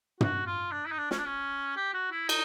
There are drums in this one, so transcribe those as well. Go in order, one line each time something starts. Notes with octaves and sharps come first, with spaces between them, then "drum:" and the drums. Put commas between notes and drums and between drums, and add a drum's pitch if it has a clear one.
F#4, drum: tom
F4
D4
E4
D#4
D4
C#4, drum: snare
D4
C#4
G4
F#4
E4
D#4, drum: cymbal